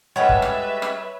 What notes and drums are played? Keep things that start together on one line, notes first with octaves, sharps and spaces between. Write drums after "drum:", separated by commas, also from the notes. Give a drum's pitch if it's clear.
G3 G#3 A4 B4 C#5 E5 F#5
drum: kick
drum: rim click
drum: rim click